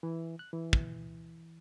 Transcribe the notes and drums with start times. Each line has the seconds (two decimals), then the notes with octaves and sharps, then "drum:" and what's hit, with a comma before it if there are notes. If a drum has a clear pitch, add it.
0.03 E3
0.39 F#6
0.53 E3
0.73 drum: kick